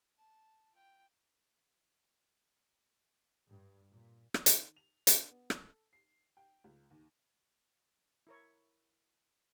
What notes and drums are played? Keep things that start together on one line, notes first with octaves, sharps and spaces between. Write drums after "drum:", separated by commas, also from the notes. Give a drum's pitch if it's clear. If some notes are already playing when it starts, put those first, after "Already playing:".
A5
F4 G5
G2
A#2
drum: rim click
D#3, drum: hi-hat
F7
D4, drum: hi-hat
B3
A4, drum: rim click
C7
G5
C#2
D#2
E4 A#4 C#5